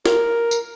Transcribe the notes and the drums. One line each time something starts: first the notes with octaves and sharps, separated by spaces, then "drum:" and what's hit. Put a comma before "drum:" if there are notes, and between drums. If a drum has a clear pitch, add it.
A#4, drum: snare
drum: tambourine